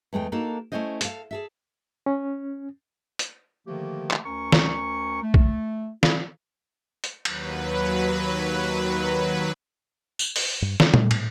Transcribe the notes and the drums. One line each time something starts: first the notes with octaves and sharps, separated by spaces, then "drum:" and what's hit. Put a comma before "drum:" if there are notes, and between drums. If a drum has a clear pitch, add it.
E2 G#3 A3 G5
A#3 D4 D#4 F#4 A4
A3 A#3 C#4 E4 C5 D#5
A4 F5, drum: hi-hat
G#4 A4 E5
C#4
drum: hi-hat
D3 D#3 F3 A3 A#3 G4
drum: clap
D2 C#4 A#4 C#6
drum: snare
A3
drum: kick A#1
E4, drum: snare
drum: hi-hat
D#2 F#3 B4, drum: cymbal
drum: tambourine
drum: open hi-hat
G2
D3, drum: snare
A3, drum: tom A#2
A2, drum: cymbal